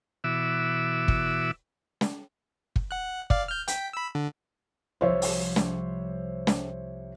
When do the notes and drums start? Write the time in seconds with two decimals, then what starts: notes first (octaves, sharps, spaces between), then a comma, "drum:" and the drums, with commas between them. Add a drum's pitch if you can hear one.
0.24 B2 E3 F#4 E5 D6 E6
1.08 drum: kick
2.01 drum: snare
2.76 drum: kick
2.91 F#5 F#6
3.30 D5 F5, drum: kick
3.48 F6 G6
3.68 G5 B6, drum: hi-hat
3.93 B5 E6
4.15 D3
5.01 C2 F3 C5 C#5 E5
5.22 drum: open hi-hat
5.56 drum: snare
6.47 drum: snare